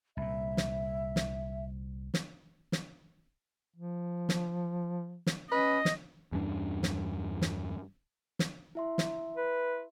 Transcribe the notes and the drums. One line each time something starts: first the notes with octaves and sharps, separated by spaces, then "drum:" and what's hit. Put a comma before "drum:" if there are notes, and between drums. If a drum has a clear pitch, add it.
C2 A#2 E5
drum: snare
drum: snare
drum: snare
drum: snare
F3
drum: snare
drum: snare
C#4 B4 D#5
drum: snare
E2 G2 C#4 D4
drum: snare
drum: snare
drum: snare
E4 E5 C6
drum: snare
B4